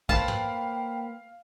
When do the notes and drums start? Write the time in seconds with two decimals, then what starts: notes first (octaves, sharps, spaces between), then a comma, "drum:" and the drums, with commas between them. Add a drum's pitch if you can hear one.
0.09 A#3 B4 C5 F5 G5 A5, drum: kick
0.28 drum: tom